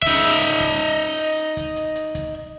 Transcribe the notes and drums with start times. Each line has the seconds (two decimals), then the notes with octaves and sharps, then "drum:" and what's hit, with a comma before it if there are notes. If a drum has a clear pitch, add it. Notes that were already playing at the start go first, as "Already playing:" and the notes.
0.02 D#4 E5, drum: kick, hi-hat
0.22 drum: hi-hat
0.41 drum: hi-hat
0.60 drum: kick, hi-hat
0.80 drum: hi-hat
0.99 drum: open hi-hat
1.18 drum: hi-hat
1.38 drum: hi-hat
1.57 drum: kick, hi-hat
1.76 drum: hi-hat
1.95 drum: hi-hat
2.15 drum: kick, hi-hat